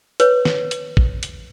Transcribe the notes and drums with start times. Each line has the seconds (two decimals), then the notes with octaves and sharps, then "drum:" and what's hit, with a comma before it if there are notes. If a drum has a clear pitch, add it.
0.20 B4 C#5, drum: hi-hat
0.45 drum: snare
0.71 drum: hi-hat
0.97 drum: kick
1.23 drum: hi-hat